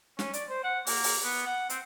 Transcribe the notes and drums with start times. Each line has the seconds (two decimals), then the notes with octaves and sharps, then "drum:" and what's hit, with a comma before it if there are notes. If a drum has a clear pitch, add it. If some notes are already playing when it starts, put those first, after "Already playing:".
0.19 C#4, drum: snare
0.33 D5, drum: hi-hat
0.49 C5
0.64 F#5
0.87 A#3, drum: open hi-hat
1.04 drum: open hi-hat
1.24 B3
1.46 F#5
1.70 C4, drum: hi-hat